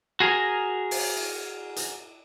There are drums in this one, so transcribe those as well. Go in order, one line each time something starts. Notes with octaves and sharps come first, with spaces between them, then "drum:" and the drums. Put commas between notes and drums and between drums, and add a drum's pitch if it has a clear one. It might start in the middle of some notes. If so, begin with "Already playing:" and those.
F#4 G#4 A#4
drum: open hi-hat
drum: cymbal
drum: hi-hat